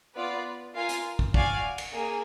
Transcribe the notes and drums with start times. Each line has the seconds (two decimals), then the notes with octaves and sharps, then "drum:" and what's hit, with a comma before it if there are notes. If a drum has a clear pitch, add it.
0.16 B3 F4 B4 D5
0.75 F4 A#4 F5 G#5
0.89 drum: hi-hat
1.19 drum: kick
1.34 F#4 D5 F5 G#5, drum: kick
1.78 drum: cymbal
1.93 A#3 G#4 G#5